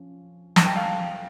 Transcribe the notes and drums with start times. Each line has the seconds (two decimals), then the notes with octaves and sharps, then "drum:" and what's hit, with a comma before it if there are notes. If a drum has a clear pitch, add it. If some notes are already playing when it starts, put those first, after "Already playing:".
Already playing: F3 C#4
0.56 A5, drum: snare
0.66 G5
0.76 F5